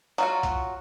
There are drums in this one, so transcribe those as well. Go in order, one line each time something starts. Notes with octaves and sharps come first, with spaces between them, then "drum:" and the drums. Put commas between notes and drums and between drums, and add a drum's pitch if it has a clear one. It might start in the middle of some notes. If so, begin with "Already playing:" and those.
F#3 F4 F#4, drum: hi-hat
drum: kick B1, hi-hat